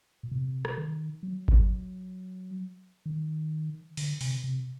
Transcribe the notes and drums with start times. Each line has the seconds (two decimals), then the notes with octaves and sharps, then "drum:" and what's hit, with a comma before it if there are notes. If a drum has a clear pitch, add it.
0.23 A#2
0.32 C3
0.65 drum: rim click
0.78 D#3
1.23 F#3
1.48 drum: kick G#1
3.06 D#3
3.97 D3, drum: open hi-hat
4.21 C3, drum: open hi-hat
4.44 C3